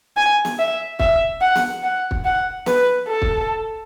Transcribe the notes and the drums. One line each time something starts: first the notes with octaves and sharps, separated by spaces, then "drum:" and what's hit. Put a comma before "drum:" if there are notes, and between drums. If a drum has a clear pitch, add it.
G#5
drum: snare B3
E5
E5, drum: kick
F#5
drum: snare B3
F#5
drum: kick
F#5
B4, drum: snare B3
A4
drum: kick